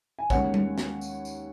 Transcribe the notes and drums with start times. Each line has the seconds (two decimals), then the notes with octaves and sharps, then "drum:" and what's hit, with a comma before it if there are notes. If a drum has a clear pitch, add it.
0.19 G#5
0.30 D#2 D#3 G#3 C#4 C#5 F#5, drum: kick, tambourine
0.54 drum: tom G3
0.78 drum: snare
1.01 drum: tambourine
1.25 drum: tambourine